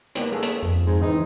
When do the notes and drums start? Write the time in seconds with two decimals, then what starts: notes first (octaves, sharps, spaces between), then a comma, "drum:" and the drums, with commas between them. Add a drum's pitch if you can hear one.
0.15 A#3 B3 G4, drum: hi-hat
0.32 A3 G#4 A4
0.43 drum: hi-hat
0.63 F2
0.86 G#2
1.02 E3 C4 D#4